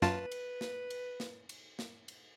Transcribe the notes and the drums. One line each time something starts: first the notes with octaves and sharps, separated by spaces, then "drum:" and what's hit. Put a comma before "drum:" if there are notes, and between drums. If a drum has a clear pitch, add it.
F#2 F4 B4 A5, drum: snare
drum: cymbal
drum: snare
drum: cymbal
drum: snare
drum: cymbal
drum: snare
drum: cymbal